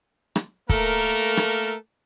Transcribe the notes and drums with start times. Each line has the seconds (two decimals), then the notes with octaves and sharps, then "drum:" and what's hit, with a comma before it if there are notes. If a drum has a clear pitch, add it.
0.36 drum: rim click
0.69 A3 A#3 A4 A#4, drum: kick
1.37 drum: rim click